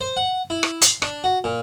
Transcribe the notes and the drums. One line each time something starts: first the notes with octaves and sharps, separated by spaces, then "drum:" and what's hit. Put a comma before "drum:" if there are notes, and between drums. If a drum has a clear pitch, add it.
C5
F#5
E4
drum: rim click
C6, drum: hi-hat
D4, drum: rim click
F#4
A#2